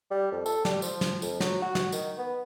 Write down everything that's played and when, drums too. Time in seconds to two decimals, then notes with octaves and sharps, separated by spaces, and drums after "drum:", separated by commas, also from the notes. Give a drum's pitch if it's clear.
0.11 G3
0.32 F2
0.46 A4, drum: tambourine
0.65 G3, drum: snare
0.82 F3, drum: tambourine
1.01 drum: snare
1.22 F2, drum: tambourine
1.40 F#3, drum: snare
1.62 F#4
1.75 drum: snare
1.92 D#3, drum: tambourine
2.18 B3